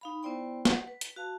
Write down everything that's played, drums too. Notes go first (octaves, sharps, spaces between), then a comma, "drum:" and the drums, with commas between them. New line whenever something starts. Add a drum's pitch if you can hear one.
D#4 F5 B5
B3 E4 C5 D5 G5 C6
F#5, drum: snare
B4
drum: hi-hat
F#4 F5 A5